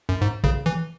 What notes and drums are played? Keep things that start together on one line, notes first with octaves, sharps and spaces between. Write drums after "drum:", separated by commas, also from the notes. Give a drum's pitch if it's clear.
F#2
G#2
C#3, drum: kick
E3